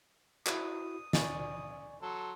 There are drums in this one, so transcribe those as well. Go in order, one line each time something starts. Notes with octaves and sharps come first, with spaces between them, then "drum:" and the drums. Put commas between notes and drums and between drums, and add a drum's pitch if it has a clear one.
E4 F#4 D#6, drum: clap
D5 G#5 C#6, drum: snare
F#3 A4 C6